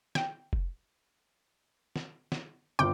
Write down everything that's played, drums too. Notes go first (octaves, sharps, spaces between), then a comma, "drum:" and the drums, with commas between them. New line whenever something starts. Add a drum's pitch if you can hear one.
G5, drum: snare
drum: kick F1
drum: snare
drum: snare
G1 F4 G5 D6